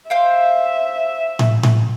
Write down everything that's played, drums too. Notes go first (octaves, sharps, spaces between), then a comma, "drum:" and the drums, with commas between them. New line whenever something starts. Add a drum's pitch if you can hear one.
C5 E5 F5 G5
drum: tom A2
drum: tom A2